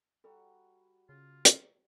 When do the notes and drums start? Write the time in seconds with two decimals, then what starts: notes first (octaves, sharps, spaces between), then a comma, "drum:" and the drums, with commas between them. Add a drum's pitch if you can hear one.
0.24 G3 F#4 A4 A#5
1.09 C#3 F4
1.45 drum: hi-hat